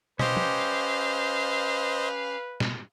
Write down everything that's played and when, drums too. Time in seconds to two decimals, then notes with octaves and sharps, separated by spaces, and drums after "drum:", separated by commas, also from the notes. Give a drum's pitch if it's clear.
0.19 C#4 G4 B4 C5 D#5 F5, drum: tom
0.37 drum: tom
2.60 drum: snare